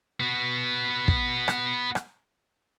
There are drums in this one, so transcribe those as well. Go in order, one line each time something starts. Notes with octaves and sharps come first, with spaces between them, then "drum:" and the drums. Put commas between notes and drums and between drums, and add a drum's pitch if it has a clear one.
B3 F#4
drum: kick
drum: rim click
drum: rim click